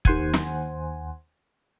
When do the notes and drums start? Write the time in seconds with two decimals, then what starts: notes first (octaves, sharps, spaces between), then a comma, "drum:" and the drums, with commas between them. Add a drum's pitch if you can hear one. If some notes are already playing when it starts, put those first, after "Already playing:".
0.05 D#2 C5 F#5 G#5, drum: kick
0.33 drum: snare